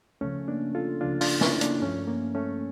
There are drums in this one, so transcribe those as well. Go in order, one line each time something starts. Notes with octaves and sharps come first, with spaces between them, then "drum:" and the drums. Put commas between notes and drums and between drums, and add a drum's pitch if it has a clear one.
C#2 C#3 F3 A3 C#4
A#3 D4
F4 A4
C#2 C#3 F3 D4 F4
D4 F4, drum: open hi-hat
C#4 E4, drum: snare
A#3 D4, drum: hi-hat
G2 F3 A3 C#4
A#3
A3 C#4